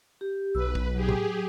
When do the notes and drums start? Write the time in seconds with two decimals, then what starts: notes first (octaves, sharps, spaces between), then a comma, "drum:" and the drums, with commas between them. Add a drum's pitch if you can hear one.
0.21 G4
0.55 B1 B4 E6
0.75 drum: kick
0.95 F#3 G4 G#4
1.09 drum: tom A2